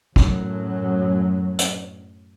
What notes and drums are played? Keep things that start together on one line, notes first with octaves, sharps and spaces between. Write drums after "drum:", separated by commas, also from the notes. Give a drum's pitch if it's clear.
F#2 A2 F#3, drum: kick
drum: hi-hat